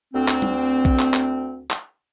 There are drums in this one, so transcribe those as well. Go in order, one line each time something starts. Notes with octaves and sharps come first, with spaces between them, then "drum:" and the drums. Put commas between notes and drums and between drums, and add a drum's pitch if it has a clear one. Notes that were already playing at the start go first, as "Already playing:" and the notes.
D2 C4
drum: clap
drum: tom G3
drum: kick A#1
drum: clap
drum: clap
drum: clap